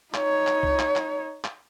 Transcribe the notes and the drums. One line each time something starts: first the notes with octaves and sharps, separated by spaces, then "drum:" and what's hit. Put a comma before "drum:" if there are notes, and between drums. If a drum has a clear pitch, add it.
D#4 C#5, drum: clap
drum: clap
drum: kick C2
drum: clap
drum: clap
drum: clap